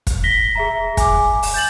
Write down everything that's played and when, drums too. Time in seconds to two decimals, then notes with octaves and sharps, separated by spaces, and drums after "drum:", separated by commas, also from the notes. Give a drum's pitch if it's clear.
0.07 drum: kick, hi-hat
0.24 A#6 B6 G7
0.55 G#4 E5 A#5
0.97 G#5 D6, drum: kick, hi-hat
1.43 drum: open hi-hat
1.54 G6 A6 F#7